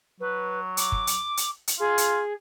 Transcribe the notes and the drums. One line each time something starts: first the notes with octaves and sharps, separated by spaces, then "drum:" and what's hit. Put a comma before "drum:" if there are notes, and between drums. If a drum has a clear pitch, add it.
F#3 B4
D6, drum: hi-hat
drum: kick
drum: hi-hat
drum: hi-hat
drum: hi-hat
F4 G#4
drum: hi-hat